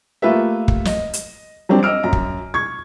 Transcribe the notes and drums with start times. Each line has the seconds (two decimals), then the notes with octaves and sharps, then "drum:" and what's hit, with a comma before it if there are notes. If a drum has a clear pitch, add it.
0.22 A3 A#3 F4 G4 B4 E5
0.68 drum: kick
0.85 D#5, drum: snare
1.13 drum: hi-hat
1.69 F#3 G3 C4 D4
1.83 D#5 E6 F6 D7
2.03 F#2 A#5
2.13 drum: kick
2.54 C#6 G#6